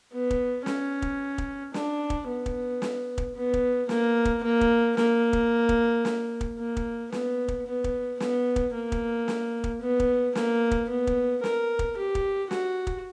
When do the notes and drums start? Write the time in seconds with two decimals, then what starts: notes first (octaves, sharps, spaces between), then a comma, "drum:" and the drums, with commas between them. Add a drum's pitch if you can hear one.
0.13 B3
0.30 drum: kick
0.66 C#4, drum: snare
1.02 drum: kick
1.38 drum: kick
1.74 D4, drum: snare
2.10 drum: kick
2.28 B3
2.46 drum: kick
2.82 drum: snare
3.18 drum: kick
3.35 B3
3.54 drum: kick
3.89 A#3, drum: snare
4.25 drum: kick
4.44 A#3
4.61 drum: kick
4.97 A#3, drum: snare
5.33 drum: kick
5.69 drum: kick
6.05 drum: snare
6.41 drum: kick
6.59 A#3
6.77 drum: kick
7.12 B3, drum: snare
7.48 drum: kick
7.66 B3
7.84 drum: kick
8.20 B3, drum: snare
8.56 drum: kick
8.74 A#3
8.92 drum: kick
9.28 drum: snare
9.64 drum: kick
9.81 B3
10.00 drum: kick
10.35 A#3, drum: snare
10.71 drum: kick
10.89 B3
11.07 drum: kick
11.44 A#4, drum: snare
11.79 drum: kick
11.97 G4
12.15 drum: kick
12.51 F#4, drum: snare
12.87 drum: kick